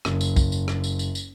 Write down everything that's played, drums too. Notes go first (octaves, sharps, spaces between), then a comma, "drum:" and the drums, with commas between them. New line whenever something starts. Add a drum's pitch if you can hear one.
F#1, drum: rim click
drum: tambourine
drum: kick, tambourine
drum: tambourine
drum: rim click
drum: tambourine
drum: tambourine
drum: tambourine